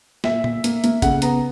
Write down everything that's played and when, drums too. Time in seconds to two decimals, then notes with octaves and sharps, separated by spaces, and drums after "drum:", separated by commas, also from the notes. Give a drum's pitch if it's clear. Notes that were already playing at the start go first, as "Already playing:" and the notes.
0.24 A#2 E5, drum: snare
0.44 A#2, drum: tom A#2
0.64 A#3, drum: hi-hat
0.84 A#3, drum: hi-hat
1.02 C#3 F#5, drum: kick, hi-hat
1.22 B3 A#5, drum: hi-hat